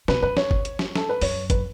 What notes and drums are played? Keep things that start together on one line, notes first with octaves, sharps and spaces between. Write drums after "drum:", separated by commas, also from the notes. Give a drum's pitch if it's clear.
B2 B4, drum: snare
F#2 B4
C#5, drum: snare
drum: kick G1
drum: hi-hat
drum: snare
A4, drum: snare
B4
F#2 C#5, drum: open hi-hat
B4, drum: kick G1, hi-hat